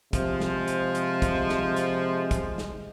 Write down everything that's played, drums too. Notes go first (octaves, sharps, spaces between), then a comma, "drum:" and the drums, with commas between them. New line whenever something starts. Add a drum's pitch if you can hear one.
C3 F3 G#3, drum: kick, hi-hat
drum: snare
drum: hi-hat
drum: hi-hat
drum: kick, hi-hat
drum: snare
drum: hi-hat
drum: kick, hi-hat
drum: snare